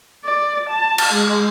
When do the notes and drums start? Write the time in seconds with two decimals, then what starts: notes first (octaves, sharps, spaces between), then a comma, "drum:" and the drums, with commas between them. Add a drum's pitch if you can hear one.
0.25 D5
0.70 A5
0.98 drum: cymbal
1.13 G#3